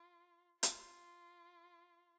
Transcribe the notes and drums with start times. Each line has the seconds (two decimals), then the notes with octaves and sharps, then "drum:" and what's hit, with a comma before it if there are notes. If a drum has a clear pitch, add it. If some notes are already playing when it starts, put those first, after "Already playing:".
Already playing: F4
0.63 F4, drum: hi-hat